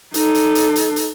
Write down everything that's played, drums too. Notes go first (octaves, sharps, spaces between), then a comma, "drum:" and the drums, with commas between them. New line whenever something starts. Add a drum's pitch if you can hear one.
D#4 A4, drum: hi-hat
drum: hi-hat
drum: hi-hat
drum: hi-hat
drum: hi-hat